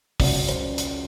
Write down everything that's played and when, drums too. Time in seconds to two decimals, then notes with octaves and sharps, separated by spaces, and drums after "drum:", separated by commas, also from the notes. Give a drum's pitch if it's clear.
0.20 C#2 C#3 F#3 D5, drum: kick, open hi-hat
0.49 C5, drum: hi-hat
0.78 drum: hi-hat